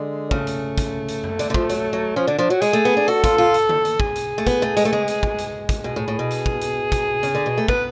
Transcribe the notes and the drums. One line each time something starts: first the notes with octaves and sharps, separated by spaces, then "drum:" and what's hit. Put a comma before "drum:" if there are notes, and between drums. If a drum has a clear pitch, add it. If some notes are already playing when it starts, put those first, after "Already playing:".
Already playing: D3 G#3
C#3 A3, drum: kick
drum: hi-hat
drum: kick, hi-hat
drum: hi-hat
drum: tom F#2
D3, drum: hi-hat
D3
F3, drum: kick
F#3, drum: hi-hat
F#3
F3 C#4
D3 D4
F3 D4
F#3 F#4
G#3 G#4, drum: hi-hat
A3
B3
D4
F#4 A4
F4, drum: kick, hi-hat
F4
drum: hi-hat
drum: tom D3
drum: hi-hat
G#4, drum: kick
drum: hi-hat
A3
B3, drum: kick, hi-hat
A3
G#3, drum: hi-hat
A3
G#3, drum: tom C#3
drum: hi-hat
drum: kick
drum: hi-hat
drum: kick, hi-hat
B2 G#4
A2
A2
B2
drum: hi-hat
drum: kick
drum: hi-hat
drum: kick, hi-hat
C#3, drum: hi-hat
D3
B2
A3
B3 B4, drum: kick